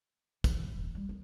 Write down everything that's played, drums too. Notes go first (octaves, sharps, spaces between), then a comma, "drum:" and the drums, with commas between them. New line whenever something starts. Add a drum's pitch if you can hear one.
E3, drum: kick, tambourine
D#1
D#1
G3
D#3